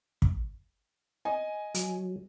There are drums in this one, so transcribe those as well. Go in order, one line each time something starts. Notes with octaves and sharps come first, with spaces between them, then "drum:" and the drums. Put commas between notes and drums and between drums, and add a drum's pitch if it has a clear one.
drum: kick
D#5 G#5
F#3, drum: hi-hat